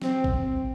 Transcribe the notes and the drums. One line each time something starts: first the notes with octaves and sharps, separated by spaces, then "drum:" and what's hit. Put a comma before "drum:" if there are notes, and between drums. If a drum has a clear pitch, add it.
C4, drum: snare
drum: kick